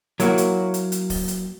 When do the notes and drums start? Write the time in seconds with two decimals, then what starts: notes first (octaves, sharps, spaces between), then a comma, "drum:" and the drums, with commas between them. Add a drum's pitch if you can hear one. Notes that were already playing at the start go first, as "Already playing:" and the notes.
0.20 F#3 A#3 E4 F#4, drum: hi-hat
0.38 drum: hi-hat
0.74 drum: hi-hat
0.92 drum: hi-hat
1.10 drum: kick, open hi-hat
1.28 drum: hi-hat